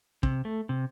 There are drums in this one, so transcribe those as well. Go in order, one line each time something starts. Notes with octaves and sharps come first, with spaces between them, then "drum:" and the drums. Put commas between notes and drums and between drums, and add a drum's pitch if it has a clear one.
C3, drum: kick
A3
C3